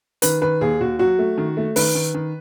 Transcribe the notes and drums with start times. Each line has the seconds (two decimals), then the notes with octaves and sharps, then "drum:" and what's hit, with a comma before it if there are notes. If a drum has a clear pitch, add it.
0.22 D#3 B4, drum: hi-hat
0.42 D#3 B4
0.61 D#2 G#4
0.80 D#2 F#4
0.99 F#3 F#4
1.19 A3
1.38 D#3
1.57 A3
1.76 D#3 B4, drum: open hi-hat
1.95 D#3
2.14 D#3